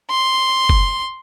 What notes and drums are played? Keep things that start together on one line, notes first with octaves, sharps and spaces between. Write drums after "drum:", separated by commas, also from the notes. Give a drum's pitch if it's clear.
C6
drum: kick